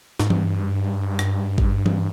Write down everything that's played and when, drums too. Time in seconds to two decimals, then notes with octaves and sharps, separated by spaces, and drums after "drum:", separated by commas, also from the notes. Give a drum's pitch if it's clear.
0.19 G#2, drum: snare
0.30 G2, drum: tom E3
1.19 drum: rim click
1.58 drum: kick G#1
1.86 drum: tom E3